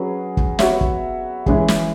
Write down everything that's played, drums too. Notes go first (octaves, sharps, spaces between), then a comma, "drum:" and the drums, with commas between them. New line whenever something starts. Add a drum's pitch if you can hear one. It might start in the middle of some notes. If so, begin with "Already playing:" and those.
Already playing: F#3 C#4 G#4 B4
drum: kick
B3 F#4 C#5 E5, drum: snare
drum: kick
E3 G#3 C#4 E4 G#4, drum: kick
drum: snare